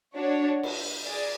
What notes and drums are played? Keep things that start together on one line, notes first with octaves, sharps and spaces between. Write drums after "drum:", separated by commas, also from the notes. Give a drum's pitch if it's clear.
D4 F#4 C#5
drum: cymbal
G#4 D5